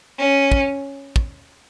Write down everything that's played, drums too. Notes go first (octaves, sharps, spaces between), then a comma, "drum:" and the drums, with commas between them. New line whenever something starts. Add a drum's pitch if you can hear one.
C#4
drum: kick
drum: kick